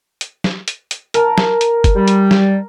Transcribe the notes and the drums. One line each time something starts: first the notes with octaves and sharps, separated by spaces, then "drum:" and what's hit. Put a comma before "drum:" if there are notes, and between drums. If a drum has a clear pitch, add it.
drum: hi-hat
drum: snare
drum: hi-hat
drum: hi-hat
A#4 A5, drum: hi-hat
drum: snare
drum: hi-hat
drum: kick F#1, hi-hat
G3
drum: hi-hat
drum: snare